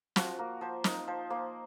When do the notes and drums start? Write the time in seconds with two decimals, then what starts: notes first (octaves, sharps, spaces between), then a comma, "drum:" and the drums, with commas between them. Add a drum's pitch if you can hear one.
0.16 F3 F#4, drum: snare
0.39 A#3 A#4
0.61 F3 C5
0.84 D#4 A#4, drum: snare
1.07 F3 C5
1.30 A#3 C5